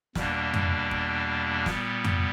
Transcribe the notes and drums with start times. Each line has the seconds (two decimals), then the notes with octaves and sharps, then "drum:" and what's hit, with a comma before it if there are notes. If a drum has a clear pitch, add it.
0.15 E2 B2 G3 A#3 D4, drum: snare
0.54 drum: tom F2
0.91 drum: kick
1.66 A#2 G3 B3, drum: snare
2.04 drum: tom F2